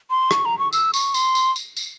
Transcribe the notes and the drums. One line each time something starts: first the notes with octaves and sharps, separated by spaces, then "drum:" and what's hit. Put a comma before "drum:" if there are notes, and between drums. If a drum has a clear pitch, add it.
C6
C#6, drum: rim click
A#5
C#6
E6, drum: tambourine
C#6, drum: tambourine
C6, drum: tambourine
drum: tambourine
drum: tambourine
drum: tambourine